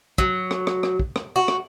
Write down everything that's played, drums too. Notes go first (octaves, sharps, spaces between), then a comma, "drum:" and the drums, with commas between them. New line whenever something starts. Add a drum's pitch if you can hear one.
F#3, drum: kick
drum: rim click
drum: rim click
drum: rim click
drum: kick
drum: rim click
F#4
drum: rim click